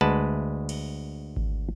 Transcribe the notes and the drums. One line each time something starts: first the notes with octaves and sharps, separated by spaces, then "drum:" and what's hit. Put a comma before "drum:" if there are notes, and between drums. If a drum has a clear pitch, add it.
D2 G#3 B4 F#5 A5
drum: cymbal
drum: kick G#1